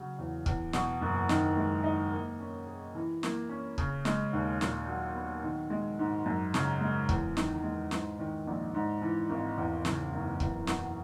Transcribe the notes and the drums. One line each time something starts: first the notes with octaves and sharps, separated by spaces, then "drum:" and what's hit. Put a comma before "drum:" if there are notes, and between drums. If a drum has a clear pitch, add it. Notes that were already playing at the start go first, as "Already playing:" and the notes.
Already playing: C#3 F#3
E2
E2, drum: kick
B2, drum: snare
F#1
D#3, drum: snare
G#3
D#4
A#3
C#4
G#4
E3
A#3, drum: snare
C#4
C#3, drum: kick
G#3, drum: snare
D#2
A#2, drum: snare
F#3
B3
D#3
G#3
G#2
F#2
C#3, drum: snare
G#3
E2, drum: kick
D#3, drum: snare
G#3
G#2, drum: snare
D#3
A#1
G#2
E3
G#1
E2
C#3, drum: snare
F#1
E2, drum: kick
B2, drum: snare